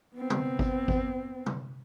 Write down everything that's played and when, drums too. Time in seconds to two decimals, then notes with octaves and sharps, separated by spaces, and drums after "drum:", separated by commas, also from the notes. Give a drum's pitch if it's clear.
0.16 B3 C4
0.30 drum: tom
0.59 drum: kick G#1
0.88 drum: kick G#1
1.46 drum: tom